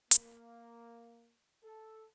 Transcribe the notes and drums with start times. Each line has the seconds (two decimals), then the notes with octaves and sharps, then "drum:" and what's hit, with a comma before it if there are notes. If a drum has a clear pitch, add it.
0.11 A#3, drum: hi-hat
1.64 A4